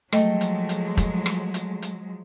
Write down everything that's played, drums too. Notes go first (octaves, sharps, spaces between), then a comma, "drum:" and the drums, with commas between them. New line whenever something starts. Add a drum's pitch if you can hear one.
F3 F#3 G#3 A3 D#5 G5, drum: rim click
drum: hi-hat
drum: hi-hat
drum: kick, hi-hat
drum: rim click
drum: hi-hat
drum: hi-hat